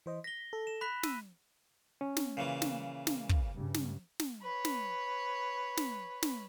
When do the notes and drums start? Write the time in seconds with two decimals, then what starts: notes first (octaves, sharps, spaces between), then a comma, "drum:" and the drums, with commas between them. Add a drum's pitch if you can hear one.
0.06 E3 C5 D#5
0.24 A#6 B6 G7
0.53 A4
0.67 E7
0.81 B5 F#6 B6
1.03 E6 D#7, drum: snare
2.01 C#4
2.17 drum: snare
2.37 A#2 C#3 E3
2.62 drum: snare
3.07 drum: snare
3.29 drum: kick
3.56 G2 C#3
3.74 drum: snare
4.20 drum: snare
4.42 B4 C#5
4.65 drum: snare
5.77 drum: snare
6.23 drum: snare